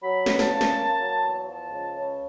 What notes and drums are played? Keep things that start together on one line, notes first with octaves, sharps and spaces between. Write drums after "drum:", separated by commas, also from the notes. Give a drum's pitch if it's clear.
F#3 B5
E2, drum: snare
A5, drum: snare
C#3
drum: snare
A#3
F#3
E2
F3 A5
C#2
C#3